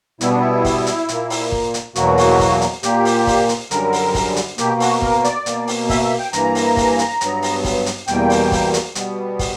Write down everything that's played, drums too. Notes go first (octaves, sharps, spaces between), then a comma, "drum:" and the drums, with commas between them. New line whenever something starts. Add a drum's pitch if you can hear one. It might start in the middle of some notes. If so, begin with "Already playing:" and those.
B2 G3 B3 E4, drum: hi-hat
D4
E4
drum: kick, open hi-hat
drum: hi-hat
A#2 A#3, drum: hi-hat
drum: open hi-hat
drum: kick
drum: hi-hat
E2 B2 F#3 A#3 F#4, drum: hi-hat
drum: open hi-hat
drum: kick, open hi-hat
drum: hi-hat
A#2 A#3 G4, drum: hi-hat
drum: open hi-hat
drum: kick, open hi-hat
drum: hi-hat
F#2 D3 G3 A#4, drum: hi-hat
drum: open hi-hat
drum: kick, open hi-hat
drum: hi-hat
B2 A#3 G4, drum: hi-hat
F#4, drum: open hi-hat
A#4, drum: kick
D5, drum: hi-hat
B2 A#3, drum: hi-hat
drum: open hi-hat
E5, drum: kick, open hi-hat
E5
G5
G2 E3 A#3 A#5, drum: hi-hat
drum: open hi-hat
drum: kick, open hi-hat
drum: hi-hat
G2 F#3 B3, drum: hi-hat
drum: open hi-hat
drum: kick, open hi-hat
drum: hi-hat
E2 B2 G3 A#3 G5, drum: hi-hat
drum: open hi-hat
drum: kick, open hi-hat
drum: hi-hat
B2 G3 B3, drum: hi-hat
drum: kick, open hi-hat